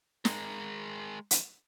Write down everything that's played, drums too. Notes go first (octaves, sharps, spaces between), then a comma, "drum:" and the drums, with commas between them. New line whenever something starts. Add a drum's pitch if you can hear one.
G#3 A#4, drum: snare
drum: hi-hat